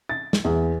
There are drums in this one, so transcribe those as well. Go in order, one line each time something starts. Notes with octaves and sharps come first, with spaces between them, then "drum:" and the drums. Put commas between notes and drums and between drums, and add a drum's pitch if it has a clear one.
A6
drum: snare
E2